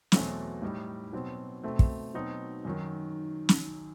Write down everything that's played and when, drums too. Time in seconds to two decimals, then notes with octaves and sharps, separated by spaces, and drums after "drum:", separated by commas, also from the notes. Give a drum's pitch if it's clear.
0.12 E2 B2 F#3 A3 C4, drum: snare
0.62 A2 G3 D#4
1.13 B2 F#3 C4
1.63 B2 A3 C4
1.79 drum: kick
2.14 B2 F#3 C4 D#4
2.65 F#2 D#3 F#3
3.49 drum: snare